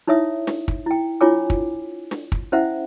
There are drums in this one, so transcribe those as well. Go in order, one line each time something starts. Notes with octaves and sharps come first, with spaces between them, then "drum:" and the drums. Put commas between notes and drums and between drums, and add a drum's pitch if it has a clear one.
D#4 E4 C#5 E5 D#6
drum: snare
drum: kick
E4 G5
D4 E4 F4 C#5 G#5 D6
drum: kick
drum: snare
drum: kick
C#4 E4 C5 E5 F#5